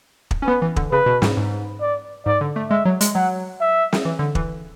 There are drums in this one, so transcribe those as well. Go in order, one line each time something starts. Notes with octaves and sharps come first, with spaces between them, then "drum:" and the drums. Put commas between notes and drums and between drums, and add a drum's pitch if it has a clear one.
drum: kick
C#4
B3 B4
E3
D3, drum: kick
C#3 B4
B2
G#2, drum: snare
G#2
D5
G#2 D5
D3
A3
G#3 E5
F#3
G#3, drum: hi-hat
F#3 F#5
E5
drum: snare
E3
D3
E3, drum: kick